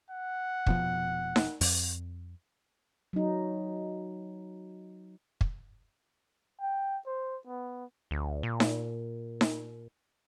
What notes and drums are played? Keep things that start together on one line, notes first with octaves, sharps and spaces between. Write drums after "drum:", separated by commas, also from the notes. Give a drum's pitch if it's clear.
F#5
F1 B2 F3, drum: kick
drum: snare D#4
F2, drum: open hi-hat
F#3 D#4
drum: kick
G5
C5
B3
D2
A#2
drum: snare D#4
drum: snare D#4